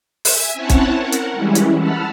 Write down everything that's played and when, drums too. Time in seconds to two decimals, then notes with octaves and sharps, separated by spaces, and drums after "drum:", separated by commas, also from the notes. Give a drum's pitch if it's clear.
0.25 E5 G#5, drum: open hi-hat
0.54 C4 C#4 E4 C#5 F#5 A5
0.69 drum: kick, hi-hat
0.97 A#4 F#5
1.12 drum: hi-hat
1.33 E3 G3 G#3 C#4 E4
1.55 drum: hi-hat
1.77 F#5 A5 B5 E6 F6